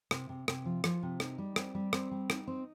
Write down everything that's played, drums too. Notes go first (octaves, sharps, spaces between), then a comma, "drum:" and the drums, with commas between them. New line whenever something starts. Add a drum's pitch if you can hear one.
C3, drum: rim click
C3
C3, drum: rim click
F3
F3, drum: rim click
C3
D#4, drum: rim click
G3
C4, drum: rim click
G3
C4, drum: rim click
G3
D#4, drum: rim click
C4